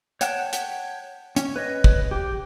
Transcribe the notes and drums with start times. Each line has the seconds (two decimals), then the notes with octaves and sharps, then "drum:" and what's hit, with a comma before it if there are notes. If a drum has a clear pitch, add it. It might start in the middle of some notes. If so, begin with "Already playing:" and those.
0.21 C#5 F#5 G5 A5 F#6, drum: hi-hat
0.53 drum: hi-hat
1.36 C#4, drum: hi-hat
1.56 B4 C#5 D#5
1.84 drum: kick
2.11 G4